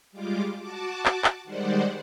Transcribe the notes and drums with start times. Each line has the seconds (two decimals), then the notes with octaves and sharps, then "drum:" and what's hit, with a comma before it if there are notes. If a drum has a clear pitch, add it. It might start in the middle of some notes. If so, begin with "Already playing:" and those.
0.12 G3 G#3 F4 D6
0.59 F#4 A5 D6
1.06 drum: clap
1.24 drum: clap
1.44 D#3 G3 G#3 C5 D5 F#5